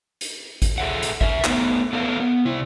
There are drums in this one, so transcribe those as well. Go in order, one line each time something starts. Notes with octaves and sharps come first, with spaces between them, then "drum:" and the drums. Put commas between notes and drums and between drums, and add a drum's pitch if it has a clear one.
drum: hi-hat
drum: kick A1, hi-hat
G#4 A4 C#5 E5 F#5
drum: hi-hat
A#4 E5, drum: kick A1
A3 B3 D#4 A#4, drum: clap
B3 A4 A#4 F5
B3
C3 E4